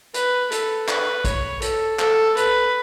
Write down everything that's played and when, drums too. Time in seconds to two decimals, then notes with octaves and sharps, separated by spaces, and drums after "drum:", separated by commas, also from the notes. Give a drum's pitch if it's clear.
0.14 B4, drum: hi-hat
0.52 A4, drum: hi-hat
0.88 B4, drum: clap
1.24 C#5, drum: kick A#1, hi-hat
1.62 A4, drum: hi-hat
1.99 A4, drum: clap
2.37 B4, drum: hi-hat